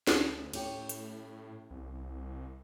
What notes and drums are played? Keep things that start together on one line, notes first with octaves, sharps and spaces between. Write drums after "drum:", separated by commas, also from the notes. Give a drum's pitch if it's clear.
D2, drum: snare
A2 C#4 G4, drum: cymbal
drum: hi-hat
C2